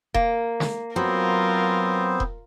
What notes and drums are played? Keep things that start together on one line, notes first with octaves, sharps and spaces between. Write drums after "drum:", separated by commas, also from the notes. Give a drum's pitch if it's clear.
A#3, drum: kick E1
drum: snare
F#3 B3 C4 F4 A#4 C5
drum: kick E1